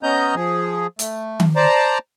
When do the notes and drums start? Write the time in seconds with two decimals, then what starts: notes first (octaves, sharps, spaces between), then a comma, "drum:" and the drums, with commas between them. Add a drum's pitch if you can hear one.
0.03 B3 C#4 D#5 A#5 G6
0.35 F3 G#4
0.99 A3, drum: hi-hat
1.40 drum: tom D#3
1.56 C5 D5 A5 A#5